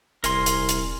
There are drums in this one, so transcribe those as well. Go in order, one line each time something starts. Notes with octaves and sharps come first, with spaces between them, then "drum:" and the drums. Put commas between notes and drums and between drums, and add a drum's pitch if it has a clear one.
D#1 C2 A#4 G#5 C6, drum: hi-hat
drum: hi-hat
drum: hi-hat